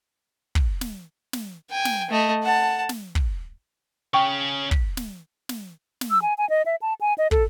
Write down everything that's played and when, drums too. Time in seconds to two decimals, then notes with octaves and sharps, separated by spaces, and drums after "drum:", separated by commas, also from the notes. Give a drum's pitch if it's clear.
0.55 drum: kick
0.81 drum: snare
1.33 drum: snare
1.71 G5 G#5
1.85 drum: snare
2.10 A3 D#5
2.43 F#5 A5
2.89 drum: snare
3.15 drum: kick
4.14 C#3 C#4 G5 C#6
4.71 drum: kick
4.97 drum: snare
5.49 drum: snare
6.01 drum: snare
6.11 E6
6.22 G#5
6.38 G#5
6.50 D#5
6.66 E5
6.82 A5
7.01 G#5
7.18 D#5
7.31 A4, drum: kick